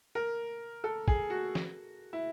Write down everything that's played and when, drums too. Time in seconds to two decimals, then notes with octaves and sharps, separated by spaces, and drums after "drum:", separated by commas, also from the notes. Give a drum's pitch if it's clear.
0.15 A#4
0.84 A4
1.08 G#4, drum: kick
1.30 F#4
1.55 drum: snare F3
2.13 E4